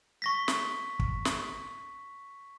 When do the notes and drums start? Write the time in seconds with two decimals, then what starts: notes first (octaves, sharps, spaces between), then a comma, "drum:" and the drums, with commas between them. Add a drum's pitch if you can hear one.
0.22 C#6 A#6 B6
0.48 drum: snare
0.99 drum: kick
1.25 drum: snare